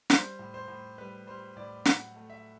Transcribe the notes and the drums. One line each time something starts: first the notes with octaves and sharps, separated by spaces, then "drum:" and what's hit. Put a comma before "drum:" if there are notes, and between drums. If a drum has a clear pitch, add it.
G3 C5, drum: snare
A2
C5
A2
G3 B4
G3 C5
A2 D5
F#3 F#5, drum: snare
A3
E5